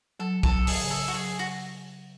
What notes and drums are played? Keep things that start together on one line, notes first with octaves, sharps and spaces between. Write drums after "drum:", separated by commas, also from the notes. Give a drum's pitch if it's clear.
F#3 A4
A4, drum: kick B1
F#3
G#4, drum: open hi-hat
C#3
A4
F#4
F#3 G#4
F#4